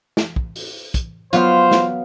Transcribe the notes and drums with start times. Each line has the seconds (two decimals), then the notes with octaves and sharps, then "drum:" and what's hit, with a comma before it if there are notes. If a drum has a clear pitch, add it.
0.17 drum: snare
0.36 drum: kick
0.56 drum: open hi-hat
0.94 drum: kick, hi-hat
1.33 F#3 B3 F4 C5 F5, drum: hi-hat
1.71 drum: snare